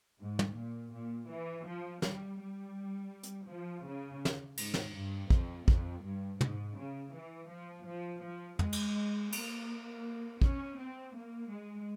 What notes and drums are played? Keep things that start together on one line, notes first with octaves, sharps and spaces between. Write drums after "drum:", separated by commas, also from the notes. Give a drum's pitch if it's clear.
G#2
drum: tom
A#2
A#2
E3
F3
G3, drum: snare
G3
drum: hi-hat
F3
C#3
drum: snare
G#2, drum: cymbal
drum: snare
G2
F2, drum: kick
F2, drum: kick
G2
G#2, drum: tom
C#3
E3
F3
F3
F3
G#3, drum: tom
drum: cymbal
A#3, drum: cymbal
C#4, drum: kick
C4
A#3
G#3